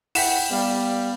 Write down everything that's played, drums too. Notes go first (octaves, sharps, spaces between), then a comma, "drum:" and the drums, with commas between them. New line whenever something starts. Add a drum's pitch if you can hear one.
E4 F#5 G5 B6 E7, drum: open hi-hat
G3 B3 F5